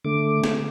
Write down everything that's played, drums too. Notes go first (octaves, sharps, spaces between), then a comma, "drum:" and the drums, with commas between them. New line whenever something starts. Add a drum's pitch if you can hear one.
D3 A3 D6
drum: snare